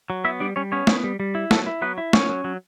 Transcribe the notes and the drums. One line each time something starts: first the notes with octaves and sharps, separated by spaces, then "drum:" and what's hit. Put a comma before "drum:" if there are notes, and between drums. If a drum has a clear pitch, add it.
F#3
B3 E4 E5
G3 D4 D5
G3 C#4 C#5
B3 C#4 C#5
B3, drum: snare
G3
G3
E4
F#3 A3 A4, drum: snare
E4
F#3 B3 B4
E4
F#3 C#4 C#5, drum: snare
F#3
F#3